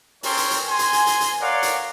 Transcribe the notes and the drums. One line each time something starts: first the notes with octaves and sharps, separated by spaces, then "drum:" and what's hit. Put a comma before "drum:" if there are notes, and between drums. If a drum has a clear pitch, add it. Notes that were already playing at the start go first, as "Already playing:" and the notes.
C#4 A#4 C#5 G5 C6, drum: open hi-hat
drum: hi-hat
drum: hi-hat
G#5 C6
drum: hi-hat
drum: hi-hat
drum: hi-hat
drum: hi-hat
A#4 C#5 D5 F5 F#5
drum: hi-hat